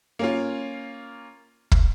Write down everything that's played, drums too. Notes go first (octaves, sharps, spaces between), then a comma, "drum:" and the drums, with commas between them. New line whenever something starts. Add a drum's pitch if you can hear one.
A#3 C#4 F4
drum: kick